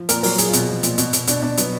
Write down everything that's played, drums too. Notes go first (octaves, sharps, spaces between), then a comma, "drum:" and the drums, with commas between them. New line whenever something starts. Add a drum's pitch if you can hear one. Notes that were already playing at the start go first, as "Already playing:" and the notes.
Already playing: F3
A#2 A#4, drum: hi-hat
F#3 A#4, drum: open hi-hat
F#3 G#4, drum: hi-hat
F4
B2, drum: hi-hat
F3
A#2, drum: hi-hat
B2, drum: hi-hat
B2, drum: hi-hat
B2 D4, drum: hi-hat
B2 D4
F#3 B3, drum: hi-hat